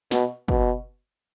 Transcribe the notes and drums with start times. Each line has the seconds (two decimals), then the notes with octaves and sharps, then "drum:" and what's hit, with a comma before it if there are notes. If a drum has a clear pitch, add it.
0.11 B2, drum: snare
0.48 B2, drum: kick